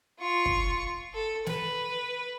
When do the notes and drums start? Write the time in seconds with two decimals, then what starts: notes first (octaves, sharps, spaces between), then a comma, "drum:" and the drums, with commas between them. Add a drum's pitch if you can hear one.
0.19 F4 C#6
0.46 drum: kick
1.13 A4
1.46 B4, drum: snare